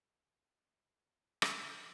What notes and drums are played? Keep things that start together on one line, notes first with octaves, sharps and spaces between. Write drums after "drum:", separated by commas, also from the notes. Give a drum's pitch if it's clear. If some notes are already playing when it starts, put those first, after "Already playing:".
C3
C#3
A3
C#4
drum: rim click